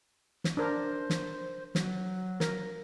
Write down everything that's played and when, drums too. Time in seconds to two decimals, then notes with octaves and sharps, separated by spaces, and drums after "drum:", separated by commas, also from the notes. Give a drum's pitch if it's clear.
0.44 drum: snare
0.57 D4 A#4 C5
1.10 drum: snare
1.75 F#3, drum: snare
2.40 A#4, drum: snare